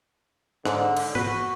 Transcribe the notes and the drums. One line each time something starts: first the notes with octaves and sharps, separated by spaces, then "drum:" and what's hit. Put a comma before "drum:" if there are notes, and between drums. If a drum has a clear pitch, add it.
G#2 D3, drum: rim click
drum: cymbal
F#4 B4, drum: tom G#2